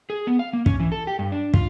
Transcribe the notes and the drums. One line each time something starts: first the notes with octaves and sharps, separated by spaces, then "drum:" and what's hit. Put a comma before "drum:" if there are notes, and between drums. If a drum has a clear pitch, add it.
G#4
B3
F5
A#3
C#4, drum: kick
E3
A4
G4
G2
D4
F4, drum: kick